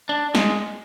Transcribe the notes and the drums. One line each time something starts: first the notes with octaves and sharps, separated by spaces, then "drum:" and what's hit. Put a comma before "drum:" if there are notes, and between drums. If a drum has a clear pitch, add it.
D4
G#3, drum: snare